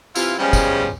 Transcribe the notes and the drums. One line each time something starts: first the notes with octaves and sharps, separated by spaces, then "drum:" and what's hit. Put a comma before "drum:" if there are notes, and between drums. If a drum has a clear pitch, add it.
C3 E3 E4 F4, drum: tambourine
E2 C#3 F3 G3 G#3 C#4
drum: kick, tambourine